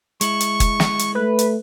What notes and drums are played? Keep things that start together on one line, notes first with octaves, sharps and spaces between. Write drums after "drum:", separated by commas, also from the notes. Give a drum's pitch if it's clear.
G#3 E4 C#6, drum: hi-hat
drum: hi-hat
drum: kick, hi-hat
drum: snare
drum: hi-hat
A3 B4
drum: hi-hat